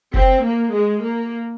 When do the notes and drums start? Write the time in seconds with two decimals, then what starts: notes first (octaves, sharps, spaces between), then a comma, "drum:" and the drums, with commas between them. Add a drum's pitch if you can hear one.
0.14 C4, drum: kick F1
0.43 A#3
0.72 G#3
1.01 A#3